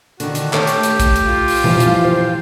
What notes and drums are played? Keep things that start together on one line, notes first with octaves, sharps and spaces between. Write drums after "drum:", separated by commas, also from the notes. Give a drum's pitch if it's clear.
D3 D#3 F#4, drum: hi-hat
drum: hi-hat
A3 G4 A4 C#5, drum: clap
drum: hi-hat
drum: hi-hat
drum: kick A#1, hi-hat
drum: hi-hat
F4
drum: open hi-hat
F2 E3 F3 F5, drum: tom A#2
drum: hi-hat
C5